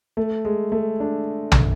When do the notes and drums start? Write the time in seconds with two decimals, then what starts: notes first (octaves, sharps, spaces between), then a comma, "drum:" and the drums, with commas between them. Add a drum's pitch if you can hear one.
0.17 A3
0.45 G#3
0.72 A3
1.00 D4
1.52 drum: tom